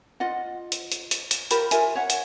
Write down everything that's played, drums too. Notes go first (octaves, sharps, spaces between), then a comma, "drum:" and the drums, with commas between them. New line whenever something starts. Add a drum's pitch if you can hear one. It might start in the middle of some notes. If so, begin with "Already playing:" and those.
F4 D#5 F#5
drum: hi-hat
drum: hi-hat
drum: hi-hat
drum: hi-hat
F4 G4 A#4 B5, drum: hi-hat
F4 A#4 E5 G#5, drum: hi-hat
C#5 E5 F#5
drum: hi-hat